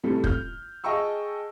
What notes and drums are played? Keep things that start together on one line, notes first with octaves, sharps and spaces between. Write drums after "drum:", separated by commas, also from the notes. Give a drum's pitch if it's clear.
A1 A2 C3 G3 A4
F6 G6, drum: kick
G#4 D#5 G5 A5 C#6 E6